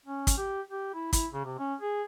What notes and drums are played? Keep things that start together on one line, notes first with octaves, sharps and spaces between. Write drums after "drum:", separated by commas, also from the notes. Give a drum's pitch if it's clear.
C#4
drum: kick, hi-hat
G4
G4
E4
E4, drum: kick, hi-hat
C#3
C3
C#4
G#4